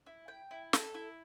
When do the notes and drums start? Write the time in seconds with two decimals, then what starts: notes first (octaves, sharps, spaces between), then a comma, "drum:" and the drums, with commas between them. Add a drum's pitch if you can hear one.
0.06 E4
0.28 G5
0.51 E4
0.73 A4, drum: snare
0.94 E4